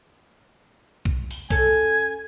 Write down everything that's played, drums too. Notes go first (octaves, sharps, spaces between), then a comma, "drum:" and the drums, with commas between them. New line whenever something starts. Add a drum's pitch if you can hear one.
drum: kick B1
drum: open hi-hat
C#4 A4 G#5, drum: kick B1